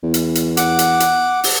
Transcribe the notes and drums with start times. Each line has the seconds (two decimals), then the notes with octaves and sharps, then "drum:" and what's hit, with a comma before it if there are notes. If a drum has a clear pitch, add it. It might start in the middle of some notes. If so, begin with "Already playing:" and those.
0.03 E2
0.14 drum: hi-hat
0.35 drum: hi-hat
0.57 F#5 D6, drum: hi-hat
0.79 drum: hi-hat
1.00 drum: hi-hat
1.44 drum: open hi-hat